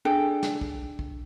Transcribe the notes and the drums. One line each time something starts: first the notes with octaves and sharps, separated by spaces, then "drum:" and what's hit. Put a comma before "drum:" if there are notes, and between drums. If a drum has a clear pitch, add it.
D4 G#4 A4 G5
drum: snare
drum: kick
drum: kick